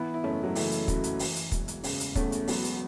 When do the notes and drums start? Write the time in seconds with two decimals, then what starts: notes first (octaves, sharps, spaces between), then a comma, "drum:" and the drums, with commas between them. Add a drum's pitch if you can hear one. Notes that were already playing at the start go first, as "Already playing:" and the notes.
Already playing: E3 B3 E4
0.14 E4
0.23 F#1 A3 C#4
0.44 F#3
0.55 C#3 E3 A3, drum: open hi-hat
0.71 drum: hi-hat
0.88 F#2, drum: kick, hi-hat
1.04 drum: hi-hat
1.19 E3, drum: open hi-hat
1.36 drum: hi-hat
1.52 E1, drum: kick, hi-hat
1.68 drum: hi-hat
1.84 C#3, drum: open hi-hat
2.00 drum: hi-hat
2.15 E2 A3 C#4, drum: kick, hi-hat
2.32 drum: hi-hat
2.48 E1 F#3 B3, drum: open hi-hat
2.64 drum: hi-hat